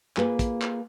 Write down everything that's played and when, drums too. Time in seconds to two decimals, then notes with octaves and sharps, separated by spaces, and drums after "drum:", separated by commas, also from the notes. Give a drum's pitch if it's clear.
0.17 A#3 F4 G#4 B4, drum: clap
0.39 drum: kick, hi-hat
0.62 drum: clap